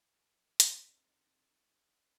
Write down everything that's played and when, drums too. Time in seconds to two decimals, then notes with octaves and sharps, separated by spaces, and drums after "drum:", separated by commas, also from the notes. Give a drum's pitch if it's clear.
0.60 C4 D4 D#4 A4, drum: hi-hat